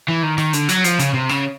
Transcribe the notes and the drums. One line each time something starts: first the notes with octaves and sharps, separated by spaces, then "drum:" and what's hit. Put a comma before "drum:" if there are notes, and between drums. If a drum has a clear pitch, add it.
E3
D#3
D#3, drum: rim click
D3, drum: hi-hat
F#3, drum: hi-hat
F3, drum: hi-hat
C#3, drum: hi-hat
C3
C#3, drum: rim click